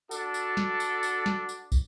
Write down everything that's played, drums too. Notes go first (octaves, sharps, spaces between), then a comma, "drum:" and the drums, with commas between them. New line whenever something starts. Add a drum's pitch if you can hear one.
D4 F#4 A4, drum: tambourine
drum: tambourine
drum: snare
drum: tambourine
drum: tambourine
drum: snare
drum: tambourine
drum: kick, tambourine